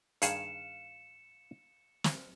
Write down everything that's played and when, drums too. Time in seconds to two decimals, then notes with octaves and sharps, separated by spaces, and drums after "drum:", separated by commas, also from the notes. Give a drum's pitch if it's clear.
0.22 G2 D#3 G#4 F5 C#7 E7, drum: hi-hat
2.04 drum: snare